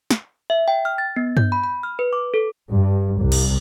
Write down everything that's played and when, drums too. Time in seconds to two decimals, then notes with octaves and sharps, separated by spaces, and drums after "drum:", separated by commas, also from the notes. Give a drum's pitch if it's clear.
0.11 drum: snare
0.50 E5
0.68 G5
0.85 F6
0.98 A6
1.16 B3
1.37 G6, drum: tom G2
1.52 B5
1.64 B5
1.83 F6
1.99 B4
2.13 D6
2.34 A4
2.71 G2
3.22 C2
3.32 drum: cymbal